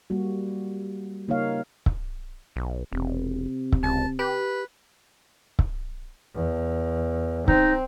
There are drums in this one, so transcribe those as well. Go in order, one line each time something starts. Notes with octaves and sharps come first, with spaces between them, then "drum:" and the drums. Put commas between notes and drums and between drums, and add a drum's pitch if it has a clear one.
G3 A#3 F#4
C#3 A#3 D#4 A#4 C#5 F5
drum: kick C#1
B1
E1 C3
drum: kick C#1
C#2 A5
G4 B4
drum: kick C#1
E2
C4 D#4, drum: kick C#1